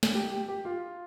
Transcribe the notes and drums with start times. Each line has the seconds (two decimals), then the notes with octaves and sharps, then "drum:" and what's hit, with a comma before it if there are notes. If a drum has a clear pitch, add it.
0.03 drum: snare
0.14 G4
0.31 G4
0.49 G4
0.65 F4